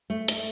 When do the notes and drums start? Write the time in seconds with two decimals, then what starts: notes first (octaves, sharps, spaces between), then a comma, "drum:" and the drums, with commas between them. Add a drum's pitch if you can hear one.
0.10 A3
0.28 drum: hi-hat